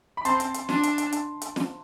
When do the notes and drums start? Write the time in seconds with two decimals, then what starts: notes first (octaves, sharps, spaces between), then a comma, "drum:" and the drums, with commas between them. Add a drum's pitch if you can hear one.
0.17 B5
0.25 C4 A5 C6, drum: hi-hat
0.40 drum: hi-hat
0.54 drum: hi-hat
0.69 D4, drum: snare
0.83 drum: hi-hat
0.98 drum: hi-hat
1.12 drum: hi-hat
1.42 drum: hi-hat
1.56 drum: snare